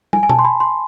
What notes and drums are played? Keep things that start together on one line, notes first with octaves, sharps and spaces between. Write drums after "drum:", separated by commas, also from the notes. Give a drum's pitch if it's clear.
G#5, drum: tom
G#5
A5, drum: tom B2
C6
B5
C6